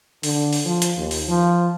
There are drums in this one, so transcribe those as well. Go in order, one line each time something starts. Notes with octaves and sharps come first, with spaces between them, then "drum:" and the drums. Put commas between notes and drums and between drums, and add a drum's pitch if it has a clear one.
D3, drum: open hi-hat
drum: open hi-hat
F3
drum: hi-hat
D#2
drum: open hi-hat
F3